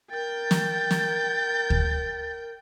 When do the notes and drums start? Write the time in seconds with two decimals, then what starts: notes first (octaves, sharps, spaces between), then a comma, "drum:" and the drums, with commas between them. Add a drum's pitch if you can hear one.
0.11 A#4 G5 G6 A6
0.51 drum: snare
0.91 drum: snare
1.70 drum: kick